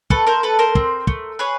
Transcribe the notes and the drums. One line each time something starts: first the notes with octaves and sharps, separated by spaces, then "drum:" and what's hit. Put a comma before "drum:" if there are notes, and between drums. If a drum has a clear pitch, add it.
A3 A4 B4, drum: kick
A#4 C5
A3 A4 B4
A#4 C5
C4, drum: kick
A3, drum: kick
G#4 B4 C#5